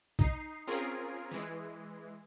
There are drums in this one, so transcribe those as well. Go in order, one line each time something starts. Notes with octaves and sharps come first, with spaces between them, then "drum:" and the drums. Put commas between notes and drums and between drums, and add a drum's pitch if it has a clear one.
D#4 C7, drum: kick B1
C4 C#4 F4 G#4 A#4
E3 G#3